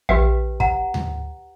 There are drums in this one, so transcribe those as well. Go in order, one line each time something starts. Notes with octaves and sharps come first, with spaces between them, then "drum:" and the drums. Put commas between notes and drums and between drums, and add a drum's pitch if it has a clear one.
A#1 G4 B4 E5 G5
F#5 A#5, drum: kick
drum: tom D2